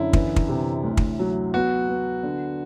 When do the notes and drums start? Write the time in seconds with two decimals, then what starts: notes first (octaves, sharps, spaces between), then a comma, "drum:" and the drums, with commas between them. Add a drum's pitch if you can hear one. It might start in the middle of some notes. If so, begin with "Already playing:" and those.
Already playing: F#2 D3 E4
0.13 E3, drum: kick
0.36 drum: kick
0.49 C3
0.83 D2
0.97 drum: kick
1.19 F#3
1.54 B3 F#4
1.88 B3
2.23 D3